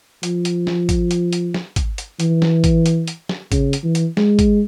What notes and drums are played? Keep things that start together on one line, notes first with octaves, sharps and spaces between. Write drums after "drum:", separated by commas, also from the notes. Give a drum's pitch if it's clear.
F3, drum: hi-hat
drum: hi-hat
drum: snare
drum: kick, hi-hat
drum: hi-hat
drum: hi-hat
drum: snare
drum: kick, hi-hat
drum: hi-hat
E3, drum: hi-hat
drum: snare
drum: kick, hi-hat
drum: hi-hat
drum: hi-hat
drum: snare
C#3, drum: kick, hi-hat
drum: hi-hat
E3
drum: hi-hat
G#3, drum: snare
drum: kick, hi-hat